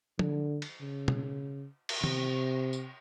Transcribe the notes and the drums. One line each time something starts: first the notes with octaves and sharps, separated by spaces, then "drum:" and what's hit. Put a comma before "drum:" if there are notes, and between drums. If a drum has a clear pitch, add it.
D3, drum: tom F3
drum: cymbal
C#3
drum: tom B2
drum: cymbal
C3, drum: tom
drum: tambourine